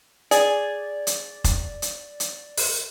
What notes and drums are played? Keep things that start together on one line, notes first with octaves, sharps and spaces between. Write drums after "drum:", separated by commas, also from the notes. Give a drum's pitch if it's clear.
G#4 D5, drum: hi-hat
drum: hi-hat
drum: kick, hi-hat
drum: hi-hat
drum: hi-hat
drum: open hi-hat